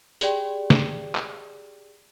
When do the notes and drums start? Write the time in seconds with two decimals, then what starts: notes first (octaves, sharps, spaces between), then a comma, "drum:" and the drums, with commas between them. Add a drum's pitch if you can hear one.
0.21 G4 G#4 D5 G5, drum: tambourine
0.70 drum: snare
1.15 drum: clap